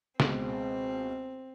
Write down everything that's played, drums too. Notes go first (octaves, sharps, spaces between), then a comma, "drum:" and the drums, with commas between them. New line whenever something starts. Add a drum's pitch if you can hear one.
C#2 B2 G#3 C4, drum: snare